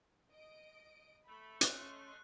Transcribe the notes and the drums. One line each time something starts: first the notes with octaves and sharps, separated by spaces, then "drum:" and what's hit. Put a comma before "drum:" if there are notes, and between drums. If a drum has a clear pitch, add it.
D#5 D7
A3 B5
C#4 D#5 C6 C#6 F#6, drum: hi-hat